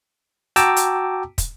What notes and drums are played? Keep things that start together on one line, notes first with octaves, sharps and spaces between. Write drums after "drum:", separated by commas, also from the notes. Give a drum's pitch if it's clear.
F#4 G5 A5 A#5 D6 E6, drum: hi-hat
drum: hi-hat
drum: kick, hi-hat